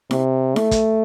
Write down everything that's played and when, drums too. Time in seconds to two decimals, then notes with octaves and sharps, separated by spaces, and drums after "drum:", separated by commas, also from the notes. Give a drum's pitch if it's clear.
0.11 C3, drum: snare E4
0.56 A3, drum: snare E4
0.71 drum: kick, hi-hat